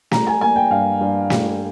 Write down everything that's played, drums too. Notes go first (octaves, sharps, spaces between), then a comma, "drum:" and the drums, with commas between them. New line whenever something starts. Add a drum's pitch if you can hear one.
G3 A#5, drum: snare
G#5
A#3 G#5
G5
G2 F5
G2
G3, drum: snare